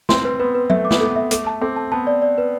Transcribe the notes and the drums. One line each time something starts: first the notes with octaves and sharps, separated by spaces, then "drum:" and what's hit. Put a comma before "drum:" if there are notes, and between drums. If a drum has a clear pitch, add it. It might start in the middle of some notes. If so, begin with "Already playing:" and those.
C4 C6, drum: snare
B4
B3 B4
B4
A3 E5, drum: tom F#3
D6
B3, drum: snare
A4
B3
E5
A3 A4, drum: hi-hat
A5
C4 A4
A5
B3 A5
D5
D5
B4